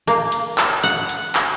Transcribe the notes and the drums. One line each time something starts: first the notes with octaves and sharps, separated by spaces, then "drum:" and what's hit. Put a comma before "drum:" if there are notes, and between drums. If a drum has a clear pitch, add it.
A#3
drum: hi-hat
drum: clap
F#5
drum: hi-hat
drum: clap